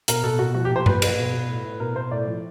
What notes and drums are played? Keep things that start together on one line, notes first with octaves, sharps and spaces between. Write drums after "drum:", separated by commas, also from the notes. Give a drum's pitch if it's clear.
B2 A#4, drum: hi-hat
B2 A4
B2 F#4
F3 F#4
G4
A#2
C5
A#2 B4, drum: tom G2
A#2, drum: cymbal
B2
B2
A2
A2
B2 A#4
B2 C5
A2 D5
F3